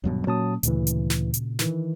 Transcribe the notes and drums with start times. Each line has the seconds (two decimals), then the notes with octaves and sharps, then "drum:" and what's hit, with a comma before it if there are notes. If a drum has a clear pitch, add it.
0.04 D#1 G2 B2 F#3
0.27 A#2 F#3 A#3 C#4 A5 D#6
0.63 D2 A#2 C#3 E3, drum: hi-hat
0.87 drum: hi-hat
1.10 drum: snare
1.34 drum: hi-hat
1.59 D#3 E3, drum: snare